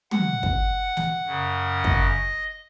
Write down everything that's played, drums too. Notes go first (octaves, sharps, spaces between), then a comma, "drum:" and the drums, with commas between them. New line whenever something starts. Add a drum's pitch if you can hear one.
F#5, drum: tom
drum: kick
drum: snare
F#2 C#3
D#5, drum: kick